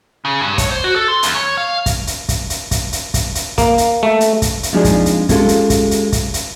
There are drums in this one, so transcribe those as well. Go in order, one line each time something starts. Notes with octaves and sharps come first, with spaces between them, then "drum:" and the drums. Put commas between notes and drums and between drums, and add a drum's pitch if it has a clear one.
C#3
G2
C#5, drum: kick, hi-hat
C5
F#4
A4
C6
E2, drum: hi-hat
C#5
F5
drum: kick, hi-hat
drum: hi-hat
drum: kick, hi-hat
drum: hi-hat
drum: kick, hi-hat
drum: hi-hat
drum: kick, hi-hat
drum: hi-hat
A#3, drum: kick, hi-hat
drum: hi-hat
A3
drum: hi-hat
drum: kick, hi-hat
drum: hi-hat
F3 G#3 C4 D4 D#4 G#4
drum: kick, hi-hat
drum: hi-hat
G#3 C#4 F4 G4 A4, drum: kick, hi-hat
drum: hi-hat
drum: kick, hi-hat
drum: hi-hat
drum: kick, hi-hat
drum: hi-hat